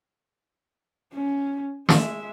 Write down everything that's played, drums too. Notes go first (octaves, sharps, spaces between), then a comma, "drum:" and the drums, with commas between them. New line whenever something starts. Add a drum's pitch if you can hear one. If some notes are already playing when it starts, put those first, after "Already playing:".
C#4
G#3 E5, drum: snare